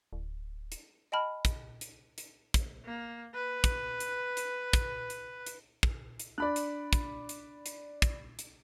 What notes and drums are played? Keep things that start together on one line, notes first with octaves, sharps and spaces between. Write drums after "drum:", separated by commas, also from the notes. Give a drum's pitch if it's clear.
D1
drum: hi-hat
D#5 G5 A5 B5 F6
drum: kick, hi-hat
drum: hi-hat
drum: hi-hat
drum: kick, hi-hat
A#3
B4
drum: kick, hi-hat
drum: hi-hat
drum: hi-hat
drum: kick, hi-hat
drum: hi-hat
drum: hi-hat
drum: kick
drum: hi-hat
D4 D5 B5 F#6
drum: hi-hat
drum: kick, hi-hat
drum: hi-hat
drum: hi-hat
drum: kick, hi-hat
drum: hi-hat